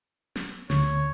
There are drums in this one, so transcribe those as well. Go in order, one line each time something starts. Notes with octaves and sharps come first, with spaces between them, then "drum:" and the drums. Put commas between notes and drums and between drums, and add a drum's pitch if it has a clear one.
drum: snare
D2 C#5, drum: snare